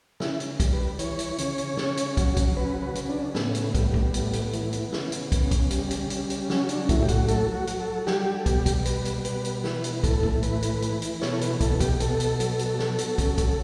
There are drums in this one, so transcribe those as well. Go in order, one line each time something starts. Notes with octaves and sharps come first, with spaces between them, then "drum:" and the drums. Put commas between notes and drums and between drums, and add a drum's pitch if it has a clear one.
C#3 E4, drum: snare
drum: hi-hat
G3, drum: kick, hi-hat
B4
E3 C#5, drum: hi-hat
drum: hi-hat
C#3, drum: hi-hat
drum: hi-hat
C#3, drum: snare
drum: hi-hat
F#3, drum: kick, hi-hat
drum: kick, hi-hat
C#3 B4
B4
C#3, drum: hi-hat
D4
A2 B3, drum: snare
drum: hi-hat
G3, drum: kick, hi-hat
drum: kick
A2, drum: hi-hat
drum: hi-hat
E3, drum: hi-hat
drum: hi-hat
C#3, drum: snare
drum: hi-hat
C#3, drum: kick, hi-hat
drum: kick, hi-hat
G3, drum: hi-hat
drum: hi-hat
C#3, drum: hi-hat
drum: hi-hat
F#3 C#4, drum: snare
D4, drum: hi-hat
A2 E4, drum: kick, hi-hat
G4
F#4, drum: kick, hi-hat
F#3 A4, drum: hi-hat
F#4
F#3, drum: hi-hat
A4
G3 G4, drum: snare
A4
B2 G4, drum: kick, hi-hat
drum: kick, hi-hat
G3 B4, drum: hi-hat
drum: hi-hat
B2 B4, drum: hi-hat
drum: hi-hat
E3 B4, drum: snare
drum: hi-hat
B4
A2 A4, drum: kick, hi-hat
drum: kick
E3 B4, drum: hi-hat
drum: hi-hat
E3, drum: hi-hat
drum: hi-hat
B2 C#5, drum: snare
A4
B4, drum: hi-hat
B2 A4, drum: kick, hi-hat
G4, drum: kick, hi-hat
B2 A4, drum: hi-hat
drum: hi-hat
F#3, drum: hi-hat
drum: hi-hat
F#3, drum: snare
drum: hi-hat
C#3, drum: kick, hi-hat
drum: kick, hi-hat